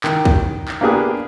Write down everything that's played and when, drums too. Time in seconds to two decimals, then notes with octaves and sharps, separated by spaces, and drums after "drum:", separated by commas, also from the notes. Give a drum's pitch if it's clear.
0.04 D#3, drum: clap
0.25 drum: kick
0.68 drum: clap
0.81 A#3 B3 D4 G4 G#4